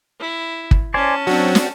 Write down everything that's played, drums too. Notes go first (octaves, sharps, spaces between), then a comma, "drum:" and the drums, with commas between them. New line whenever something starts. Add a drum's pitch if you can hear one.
E4
drum: kick
C#4 C5 D5 G#5 A5
F#3 C4 D4 F#4
drum: snare